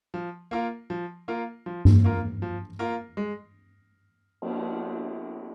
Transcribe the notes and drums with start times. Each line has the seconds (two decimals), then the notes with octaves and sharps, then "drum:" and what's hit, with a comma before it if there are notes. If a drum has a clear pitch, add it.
0.14 F3
0.51 A#3 F4 A#4
0.90 F3
1.28 A#3 F4 A#4
1.66 F3
1.85 drum: tom G2
2.04 A#3 F4 A#4
2.42 F3
2.79 A#3 F4 A#4
3.17 G#3
4.42 drum: cymbal